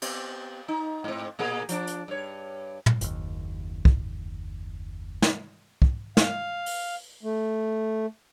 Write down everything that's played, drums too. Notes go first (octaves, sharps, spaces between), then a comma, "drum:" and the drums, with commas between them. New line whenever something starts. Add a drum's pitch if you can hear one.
B3 C4 G4, drum: cymbal
D#4
G#2 C4
A#2 A#3 G#4
F3 D4, drum: hi-hat
drum: hi-hat
G2 C#5
drum: tom
F#1 D#2, drum: hi-hat
drum: kick
drum: snare
drum: kick
F5, drum: snare
drum: open hi-hat
A3